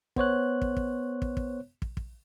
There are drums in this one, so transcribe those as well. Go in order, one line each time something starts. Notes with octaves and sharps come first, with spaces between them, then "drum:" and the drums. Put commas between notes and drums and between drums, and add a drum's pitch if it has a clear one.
B3 C5 C#5 F#6, drum: kick
drum: kick
drum: kick
drum: kick
drum: kick
drum: kick
drum: kick